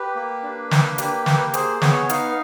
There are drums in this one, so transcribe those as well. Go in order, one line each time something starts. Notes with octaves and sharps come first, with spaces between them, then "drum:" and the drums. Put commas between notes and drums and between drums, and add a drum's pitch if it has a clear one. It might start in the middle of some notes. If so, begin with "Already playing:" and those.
Already playing: G4 B4
A#3
D4
A#3, drum: snare
G4, drum: hi-hat
A#3, drum: snare
G#4 C5, drum: hi-hat
B3 C#5, drum: snare
D#4 F5, drum: hi-hat